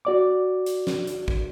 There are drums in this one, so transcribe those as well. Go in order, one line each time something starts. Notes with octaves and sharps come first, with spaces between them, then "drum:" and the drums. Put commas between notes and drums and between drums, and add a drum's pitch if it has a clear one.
F#4 D5 D6
drum: hi-hat
drum: snare
drum: hi-hat
drum: kick G#1